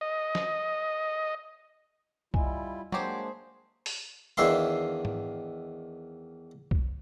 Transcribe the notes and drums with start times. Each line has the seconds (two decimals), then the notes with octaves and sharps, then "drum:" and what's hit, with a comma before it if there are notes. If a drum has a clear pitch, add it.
0.01 D#5
0.35 drum: snare
2.34 G3 E4 F4 D#5 G#5, drum: kick B1
2.92 F#3 G#3 A#3 D4 G4 G#4 C5, drum: tom
3.86 drum: open hi-hat
4.37 E2 D#3 D4 E5 F5 C6
5.05 drum: tom G#2
6.71 drum: kick B1